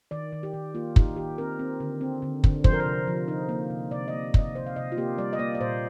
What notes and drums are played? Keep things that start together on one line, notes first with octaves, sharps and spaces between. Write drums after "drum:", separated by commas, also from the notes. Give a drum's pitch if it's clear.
D#3 D5
D#3
G4
D#3
A#3 F4
D#4 G4, drum: kick
D#3 G4
C4 A#4
C4
D3
C4
D3
D3, drum: kick
F3 C5, drum: kick
A#4
C5
C3
F3
D#4
A#3
C3
C3 D5
A#3 D#5
C3 D#5, drum: kick
C3 C5
F5
C3 D#5
F4
A#3 G4
G3 D5
D#5
A#3 D5
D5
A#2 C5